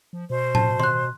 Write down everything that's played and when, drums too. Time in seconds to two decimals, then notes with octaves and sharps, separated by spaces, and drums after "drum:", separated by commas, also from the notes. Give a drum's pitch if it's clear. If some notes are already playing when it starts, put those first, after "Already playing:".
0.13 F3
0.30 B2 C5
0.55 A5, drum: tom A2
0.80 C6 F#6, drum: tom